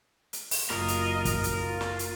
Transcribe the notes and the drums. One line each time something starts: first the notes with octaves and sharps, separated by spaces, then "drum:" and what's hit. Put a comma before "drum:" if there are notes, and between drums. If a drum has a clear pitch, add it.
drum: hi-hat
drum: open hi-hat
F#1 F4 A#4 D#5, drum: snare
drum: hi-hat
drum: kick, hi-hat
drum: hi-hat
F4
drum: snare
drum: hi-hat